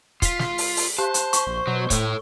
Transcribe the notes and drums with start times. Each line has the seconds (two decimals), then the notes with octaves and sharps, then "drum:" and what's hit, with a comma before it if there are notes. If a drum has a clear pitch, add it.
0.22 F4 B6 C7, drum: kick, hi-hat
0.39 drum: snare
0.58 drum: open hi-hat
0.77 drum: open hi-hat
0.99 G4 C5 A5
1.14 drum: hi-hat
1.33 C#6 G7, drum: hi-hat
1.47 A#1
1.67 B2 F#3
1.90 A2 A4 C#5, drum: kick, hi-hat